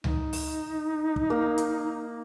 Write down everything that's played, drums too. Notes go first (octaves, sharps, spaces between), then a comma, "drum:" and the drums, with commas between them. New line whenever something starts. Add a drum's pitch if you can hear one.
D#4, drum: tom C#2
drum: open hi-hat
drum: kick
A#3
drum: hi-hat